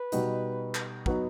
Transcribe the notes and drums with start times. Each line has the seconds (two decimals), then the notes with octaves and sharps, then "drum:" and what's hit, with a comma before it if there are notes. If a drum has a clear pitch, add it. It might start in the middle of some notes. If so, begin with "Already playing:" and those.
Already playing: B4
0.12 B2 G3 D#4 F#4, drum: hi-hat
0.75 drum: clap
1.06 F#3 B3 D#4 F#4, drum: kick